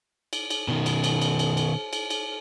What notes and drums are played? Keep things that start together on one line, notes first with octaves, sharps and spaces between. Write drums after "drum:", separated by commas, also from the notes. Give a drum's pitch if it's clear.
drum: cymbal
drum: cymbal
B2 D#3
drum: cymbal
drum: cymbal
drum: cymbal
drum: cymbal
drum: cymbal
drum: cymbal
drum: cymbal